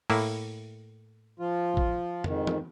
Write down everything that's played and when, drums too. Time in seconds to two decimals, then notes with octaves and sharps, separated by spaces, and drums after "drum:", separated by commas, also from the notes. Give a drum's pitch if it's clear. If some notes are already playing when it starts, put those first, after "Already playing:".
0.10 A2 A#3 E4, drum: open hi-hat
1.39 F3 F4
1.77 drum: kick
2.24 F2 G#2 D#3, drum: tom F2
2.47 drum: tom